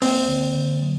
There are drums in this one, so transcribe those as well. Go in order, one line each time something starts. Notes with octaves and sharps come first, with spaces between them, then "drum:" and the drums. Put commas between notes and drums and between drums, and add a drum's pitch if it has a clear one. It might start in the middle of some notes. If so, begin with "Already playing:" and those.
A#3 C4, drum: open hi-hat
D3
D3
F#3